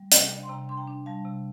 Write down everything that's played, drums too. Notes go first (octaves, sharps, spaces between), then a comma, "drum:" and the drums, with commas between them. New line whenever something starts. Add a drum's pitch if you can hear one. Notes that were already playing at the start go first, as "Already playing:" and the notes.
Already playing: G3
C3 G5, drum: hi-hat
D5 F5
D4
C6
C3 G5 A#5
D4 C6
G5 A#5
D4
G3 F5 A5
C3